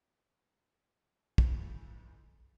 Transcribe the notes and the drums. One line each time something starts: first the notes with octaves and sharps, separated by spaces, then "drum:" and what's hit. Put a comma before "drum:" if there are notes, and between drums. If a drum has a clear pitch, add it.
F2 G#2 C#3 E3 F3, drum: kick